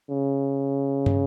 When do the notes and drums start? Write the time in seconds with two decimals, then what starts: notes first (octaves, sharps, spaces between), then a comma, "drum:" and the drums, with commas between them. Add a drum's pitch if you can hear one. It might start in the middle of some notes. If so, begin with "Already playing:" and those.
0.09 C#3
1.06 drum: tom